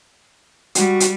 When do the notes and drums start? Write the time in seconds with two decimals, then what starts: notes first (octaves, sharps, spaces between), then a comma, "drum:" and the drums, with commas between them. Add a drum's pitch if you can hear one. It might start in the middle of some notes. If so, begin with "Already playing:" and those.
0.75 G3 F#4, drum: hi-hat
1.00 drum: hi-hat